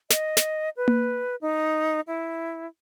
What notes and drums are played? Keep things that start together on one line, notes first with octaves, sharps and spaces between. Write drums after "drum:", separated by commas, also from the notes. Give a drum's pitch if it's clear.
D#5, drum: snare
drum: snare
B4
drum: tom A#3
D#4
E4